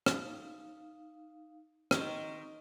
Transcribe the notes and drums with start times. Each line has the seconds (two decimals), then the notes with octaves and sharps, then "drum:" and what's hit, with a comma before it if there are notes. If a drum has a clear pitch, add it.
0.06 D#4 F5, drum: rim click
1.91 D#3 C4 A#5 C#6, drum: rim click